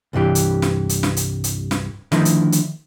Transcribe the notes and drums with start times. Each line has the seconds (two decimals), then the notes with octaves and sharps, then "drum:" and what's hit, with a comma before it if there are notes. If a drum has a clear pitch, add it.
0.13 C2 G2 E3 G4
0.35 drum: hi-hat
0.62 drum: snare
0.89 drum: hi-hat
1.03 drum: snare
1.17 drum: hi-hat
1.44 drum: hi-hat
1.71 drum: snare
2.12 D3 D#3 F3 A3 D#4 E4, drum: snare
2.25 drum: hi-hat
2.52 drum: hi-hat